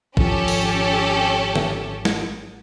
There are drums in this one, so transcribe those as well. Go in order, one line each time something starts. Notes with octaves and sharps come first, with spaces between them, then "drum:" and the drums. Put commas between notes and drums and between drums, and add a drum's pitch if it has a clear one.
G#1 F3 C#4 G4 A4, drum: kick
drum: open hi-hat
drum: tom
drum: snare